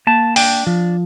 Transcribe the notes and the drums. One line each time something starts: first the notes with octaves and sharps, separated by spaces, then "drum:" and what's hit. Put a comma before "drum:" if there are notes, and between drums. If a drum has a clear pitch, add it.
A#3 A5
D4 G5, drum: open hi-hat
F3